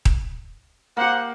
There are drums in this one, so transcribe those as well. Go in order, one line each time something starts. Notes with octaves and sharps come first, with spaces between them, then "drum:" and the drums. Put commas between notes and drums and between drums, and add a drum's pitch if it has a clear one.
drum: kick D#1
A#3 G4 C5 F#5